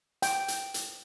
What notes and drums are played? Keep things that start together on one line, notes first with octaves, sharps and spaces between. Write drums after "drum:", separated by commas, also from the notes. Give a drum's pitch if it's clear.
G5, drum: hi-hat
drum: hi-hat
drum: hi-hat